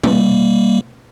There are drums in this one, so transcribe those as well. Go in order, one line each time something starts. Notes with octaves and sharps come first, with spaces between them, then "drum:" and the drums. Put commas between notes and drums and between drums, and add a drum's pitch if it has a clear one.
G3 A#3, drum: tom